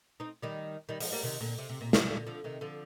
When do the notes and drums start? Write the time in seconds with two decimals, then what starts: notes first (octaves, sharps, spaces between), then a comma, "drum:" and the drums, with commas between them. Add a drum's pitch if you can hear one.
0.20 C4 D#4
0.43 D#3 G3
0.89 D#3 G3
1.00 F3 G#3, drum: open hi-hat
1.12 G3 A#3
1.23 C3 D#3
1.41 A#2 D3
1.58 C3
1.70 C3
1.81 A#2
1.93 C3, drum: snare
2.10 A#2 D3
2.27 D3 F3
2.44 C3 D#3
2.61 D3 F3